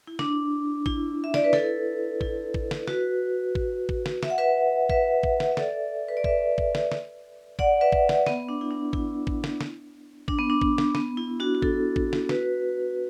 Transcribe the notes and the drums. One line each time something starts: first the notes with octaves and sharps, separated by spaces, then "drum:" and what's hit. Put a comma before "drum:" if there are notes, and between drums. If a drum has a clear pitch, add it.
E4
D4, drum: snare
E4, drum: kick
E5
D5, drum: snare
B4
E4 A4, drum: snare
E4 A4, drum: kick
drum: kick
drum: snare
F#4 B4, drum: snare
drum: kick
drum: kick
drum: snare
E5, drum: snare
F#5
B4 E5
B4 E5, drum: kick
drum: kick
drum: snare
E5
A4 D5, drum: snare
B4
D5
B4 E5, drum: kick
drum: kick
drum: snare
drum: snare
D5 F#5, drum: kick
B4 E5
drum: kick
drum: snare
B3, drum: snare
D4
E4
D4
E4, drum: kick
drum: kick
drum: snare
drum: snare
D4, drum: kick
B3
D4
drum: kick
drum: snare
B3, drum: snare
E4
D4 F#4
F#4
E4 A4, drum: kick
drum: kick
drum: snare
F#4 B4, drum: snare